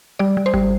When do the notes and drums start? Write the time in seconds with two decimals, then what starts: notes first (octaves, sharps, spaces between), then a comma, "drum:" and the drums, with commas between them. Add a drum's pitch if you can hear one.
0.19 G3 D5
0.37 G3
0.46 C5
0.54 G3, drum: kick G#1